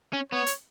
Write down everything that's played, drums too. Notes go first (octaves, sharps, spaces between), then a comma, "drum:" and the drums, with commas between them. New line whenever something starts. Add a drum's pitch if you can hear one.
C#4
B3 C#5
drum: hi-hat